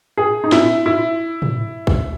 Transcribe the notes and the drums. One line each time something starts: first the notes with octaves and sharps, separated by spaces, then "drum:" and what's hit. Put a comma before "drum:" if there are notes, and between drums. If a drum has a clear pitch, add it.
G#4
D#4
E4, drum: snare
E4
drum: tom
drum: kick